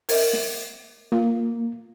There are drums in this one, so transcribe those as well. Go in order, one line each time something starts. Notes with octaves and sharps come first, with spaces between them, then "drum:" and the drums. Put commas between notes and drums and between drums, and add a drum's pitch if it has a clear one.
A#4 D#5 E5, drum: open hi-hat
drum: snare
A#3 F4 F5